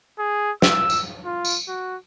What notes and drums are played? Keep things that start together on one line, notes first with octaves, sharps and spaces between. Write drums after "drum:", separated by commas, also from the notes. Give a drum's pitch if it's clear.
G#4
E6, drum: snare
drum: tambourine
F4
drum: tambourine
F#4